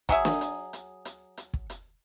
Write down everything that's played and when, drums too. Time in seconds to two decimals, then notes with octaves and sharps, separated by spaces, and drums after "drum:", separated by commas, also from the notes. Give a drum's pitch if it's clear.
0.09 F#3 G#4 E5, drum: kick, hi-hat
0.25 drum: snare
0.41 drum: hi-hat
0.73 drum: hi-hat
1.05 drum: hi-hat
1.37 drum: hi-hat
1.54 drum: kick
1.70 drum: hi-hat